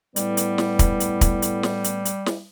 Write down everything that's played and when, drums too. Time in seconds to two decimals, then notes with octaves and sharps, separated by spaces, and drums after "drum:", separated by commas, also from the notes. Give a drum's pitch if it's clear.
0.16 A2 G3 B3, drum: hi-hat
0.37 drum: hi-hat
0.58 drum: snare
0.79 drum: kick, hi-hat
1.00 drum: hi-hat
1.21 drum: kick, hi-hat
1.42 drum: hi-hat
1.63 drum: snare
1.84 drum: hi-hat
2.05 drum: hi-hat
2.26 drum: snare